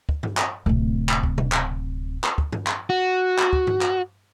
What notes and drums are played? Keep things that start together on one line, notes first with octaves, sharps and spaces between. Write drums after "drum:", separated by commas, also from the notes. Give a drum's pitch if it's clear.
drum: kick
drum: tom G2
drum: clap
D1 C3
drum: clap
drum: kick
drum: tom B2
drum: clap
drum: clap
drum: kick
drum: tom G2
drum: clap
F#4
drum: clap
drum: kick
drum: tom G2
drum: clap